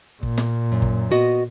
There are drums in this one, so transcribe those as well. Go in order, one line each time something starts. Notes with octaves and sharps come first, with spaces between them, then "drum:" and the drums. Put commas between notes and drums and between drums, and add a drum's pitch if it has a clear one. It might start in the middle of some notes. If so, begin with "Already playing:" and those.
A#2, drum: kick
drum: snare
F#2
drum: kick
B3 F#4 D#5